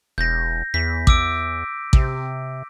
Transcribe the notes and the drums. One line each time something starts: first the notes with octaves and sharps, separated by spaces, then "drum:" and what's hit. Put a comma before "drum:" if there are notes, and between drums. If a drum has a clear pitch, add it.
E1 G6 A#6
E2 B6
D6 E6 D7, drum: kick A1
C3, drum: kick A1